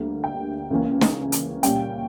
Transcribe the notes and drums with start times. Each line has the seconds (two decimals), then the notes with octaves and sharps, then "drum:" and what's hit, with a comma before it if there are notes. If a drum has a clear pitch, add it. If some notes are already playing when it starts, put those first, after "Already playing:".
Already playing: D2 D3 G3 A#3
0.24 G5
0.71 C#2 C#3 E3 A#3 C#4
1.01 drum: snare
1.32 drum: hi-hat
1.63 A#2 G3 C#4 G5, drum: hi-hat